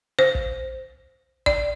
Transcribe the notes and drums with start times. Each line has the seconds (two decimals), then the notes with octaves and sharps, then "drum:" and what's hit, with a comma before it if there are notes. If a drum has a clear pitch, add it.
0.19 C5
0.35 drum: kick
1.46 D5, drum: kick